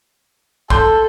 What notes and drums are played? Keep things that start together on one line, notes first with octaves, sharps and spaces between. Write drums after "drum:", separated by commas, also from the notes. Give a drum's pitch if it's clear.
A4 C6 G6, drum: kick